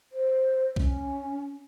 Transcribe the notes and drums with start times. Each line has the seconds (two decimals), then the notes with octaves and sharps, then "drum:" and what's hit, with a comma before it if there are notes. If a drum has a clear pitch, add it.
0.12 C5
0.76 C#4, drum: kick B1